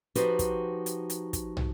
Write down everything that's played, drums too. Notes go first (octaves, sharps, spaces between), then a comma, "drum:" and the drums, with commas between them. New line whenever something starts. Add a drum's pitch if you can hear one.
F3 D#4 F#4 G4 B4, drum: hi-hat
drum: kick, hi-hat
drum: hi-hat
drum: hi-hat
drum: kick, hi-hat
drum: tom